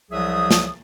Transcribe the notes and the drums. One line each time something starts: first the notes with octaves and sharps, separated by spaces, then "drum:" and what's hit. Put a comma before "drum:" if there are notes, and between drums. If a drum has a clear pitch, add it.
C2 F3 F#3 G#4 E5 D#6
drum: snare